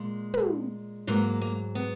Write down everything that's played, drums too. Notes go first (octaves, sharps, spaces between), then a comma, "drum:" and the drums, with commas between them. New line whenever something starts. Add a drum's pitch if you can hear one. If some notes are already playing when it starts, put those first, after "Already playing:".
Already playing: A#2 G#3
drum: tom
G#2 F#3 A#3 B3
A#3
B3